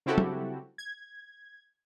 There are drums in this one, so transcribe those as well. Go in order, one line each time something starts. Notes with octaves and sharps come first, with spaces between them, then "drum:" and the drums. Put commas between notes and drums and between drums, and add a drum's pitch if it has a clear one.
C#3 C4 E4 F#4 G4 A4
drum: tom F#3
G#6